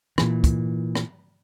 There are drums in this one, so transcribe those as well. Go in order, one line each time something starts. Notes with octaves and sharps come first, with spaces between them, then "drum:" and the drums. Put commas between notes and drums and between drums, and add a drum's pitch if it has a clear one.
A#2 E3, drum: rim click
drum: kick, hi-hat
drum: rim click